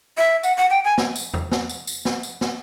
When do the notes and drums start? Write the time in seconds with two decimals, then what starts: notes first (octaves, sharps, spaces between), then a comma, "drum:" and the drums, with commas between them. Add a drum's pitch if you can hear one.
0.18 E5
0.43 F#5, drum: tambourine
0.57 F#5
0.70 G5
0.85 G#5
0.98 drum: snare
1.16 drum: tambourine
1.34 drum: tom E2
1.52 drum: snare
1.69 drum: tambourine
1.87 drum: tambourine
2.05 drum: snare
2.23 drum: tambourine
2.41 drum: snare